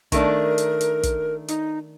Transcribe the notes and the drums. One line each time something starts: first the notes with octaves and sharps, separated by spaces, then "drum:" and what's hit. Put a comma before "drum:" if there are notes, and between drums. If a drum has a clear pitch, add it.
D#3 A3 D4 A#4, drum: kick, hi-hat
drum: hi-hat
drum: hi-hat
drum: kick, hi-hat
D#4, drum: hi-hat